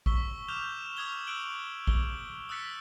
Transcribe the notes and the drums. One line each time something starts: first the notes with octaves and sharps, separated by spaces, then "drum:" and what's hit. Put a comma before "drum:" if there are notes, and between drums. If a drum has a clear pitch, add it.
C#6 E6 B6 G7, drum: kick
D6 F6 G6 E7 F7 G7
C#6 D#6 F6 G#6 F7 G7
D#6 E6 F#6 D7 F#7 G7
G7, drum: kick
D#6 E6 F#6 A6 B6 C#7